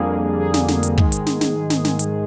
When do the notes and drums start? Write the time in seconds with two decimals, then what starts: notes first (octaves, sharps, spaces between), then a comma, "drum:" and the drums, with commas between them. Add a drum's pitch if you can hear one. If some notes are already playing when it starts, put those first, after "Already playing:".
Already playing: F2 D3 G3 A#3 G#4
0.39 G#4
0.54 drum: snare
0.68 drum: snare
0.83 drum: hi-hat
0.98 G#2 D#3 G#3, drum: kick
1.12 drum: hi-hat
1.26 drum: snare
1.41 drum: snare
1.70 drum: snare
1.85 drum: snare
1.99 drum: hi-hat